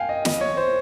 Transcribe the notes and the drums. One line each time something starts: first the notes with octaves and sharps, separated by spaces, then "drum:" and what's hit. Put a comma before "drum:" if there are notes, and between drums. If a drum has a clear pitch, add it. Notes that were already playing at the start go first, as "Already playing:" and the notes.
Already playing: F5 G5 G#5
D#5
D#5, drum: snare
C#5
C5